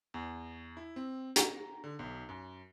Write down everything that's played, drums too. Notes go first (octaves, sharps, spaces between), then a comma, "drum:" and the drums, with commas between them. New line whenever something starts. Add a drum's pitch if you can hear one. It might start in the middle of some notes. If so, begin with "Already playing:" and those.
E2
E4
C4
A#5, drum: hi-hat
D3
B1
F#2